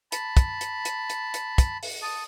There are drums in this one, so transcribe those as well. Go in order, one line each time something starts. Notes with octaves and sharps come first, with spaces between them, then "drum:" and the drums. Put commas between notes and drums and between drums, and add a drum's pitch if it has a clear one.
A5 B5, drum: hi-hat
drum: kick, hi-hat
drum: hi-hat
drum: hi-hat
drum: hi-hat
drum: hi-hat
drum: kick, hi-hat
drum: open hi-hat
A5 D#6